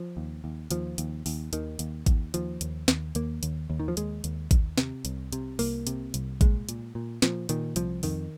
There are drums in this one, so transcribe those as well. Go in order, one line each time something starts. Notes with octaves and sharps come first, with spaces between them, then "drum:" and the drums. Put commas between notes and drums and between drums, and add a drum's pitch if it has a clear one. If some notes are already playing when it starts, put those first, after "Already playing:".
Already playing: F3
D#2
D#2
D#2 F3, drum: hi-hat
D#2, drum: hi-hat
D#2, drum: open hi-hat
D#2 D#3, drum: hi-hat
D#2, drum: hi-hat
D#2, drum: kick A1, hi-hat
D#2 F3, drum: hi-hat
D#2, drum: hi-hat
D#2, drum: snare
D#2 A#3, drum: hi-hat
D#2, drum: hi-hat
D#2
D#3
F3
D#2 G#3, drum: hi-hat
D#2, drum: hi-hat
D#2, drum: kick A1, hi-hat
C3, drum: snare
C2, drum: hi-hat
C3, drum: hi-hat
C2 A#3, drum: open hi-hat
C3, drum: hi-hat
C2, drum: hi-hat
A#2 G#3, drum: kick A1, hi-hat
A#2, drum: hi-hat
A#2
A#2 F3, drum: snare
A#2 D#3, drum: hi-hat
C2 F3, drum: hi-hat
F2 D#3, drum: open hi-hat